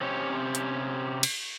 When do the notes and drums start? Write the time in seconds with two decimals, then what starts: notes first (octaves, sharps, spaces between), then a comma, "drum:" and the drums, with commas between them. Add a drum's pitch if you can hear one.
0.01 C3 C4 C#4 G4 C#5
0.55 drum: hi-hat
1.23 drum: cymbal